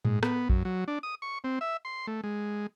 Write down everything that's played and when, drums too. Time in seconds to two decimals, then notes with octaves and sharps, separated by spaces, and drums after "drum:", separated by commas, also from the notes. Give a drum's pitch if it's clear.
0.05 G#2, drum: tom A2
0.23 B3, drum: rim click
0.49 F#2, drum: kick A#1
0.65 F#3
0.88 D4
1.03 D#6
1.22 C#6
1.44 C4
1.61 E5
1.85 C6
2.07 A3
2.24 G#3